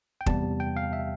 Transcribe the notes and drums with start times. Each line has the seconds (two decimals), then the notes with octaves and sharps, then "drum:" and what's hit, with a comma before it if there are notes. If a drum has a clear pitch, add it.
0.21 G5
0.26 E2 C3 G3 B3 A5, drum: kick
0.60 G5
0.77 F5
0.93 E5